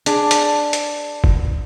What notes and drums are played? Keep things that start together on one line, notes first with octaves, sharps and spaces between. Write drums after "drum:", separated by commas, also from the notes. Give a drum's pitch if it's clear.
D4 G#4, drum: hi-hat
drum: hi-hat
drum: hi-hat
drum: kick G1